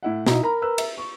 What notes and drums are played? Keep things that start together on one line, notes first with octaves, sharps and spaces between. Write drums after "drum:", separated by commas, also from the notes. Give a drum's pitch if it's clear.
A2 E4 F#5
B2 D#4 E4 A#5, drum: snare
A#4 A#5 B5
B4 E6
E5, drum: cymbal
C#6